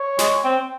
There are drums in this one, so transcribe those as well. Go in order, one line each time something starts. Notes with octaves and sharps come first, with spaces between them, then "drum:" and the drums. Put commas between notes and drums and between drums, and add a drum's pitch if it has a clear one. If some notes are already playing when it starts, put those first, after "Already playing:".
Already playing: C#5
G#3, drum: snare
C4